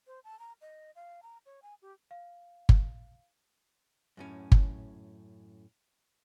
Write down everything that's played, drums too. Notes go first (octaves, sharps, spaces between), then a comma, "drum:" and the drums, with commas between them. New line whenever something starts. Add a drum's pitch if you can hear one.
C5
A5
A#5
D#5
F5
A#5
C#5
G#5
G4
F5
drum: kick G1
F#2 A2 C#4
drum: kick G1